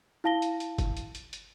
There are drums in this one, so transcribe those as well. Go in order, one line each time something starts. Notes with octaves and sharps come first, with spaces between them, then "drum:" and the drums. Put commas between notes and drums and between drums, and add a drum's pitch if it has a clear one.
E4 F5 A5 A#6 G7
drum: hi-hat
drum: hi-hat
drum: kick F#1, hi-hat
drum: hi-hat
drum: hi-hat
drum: hi-hat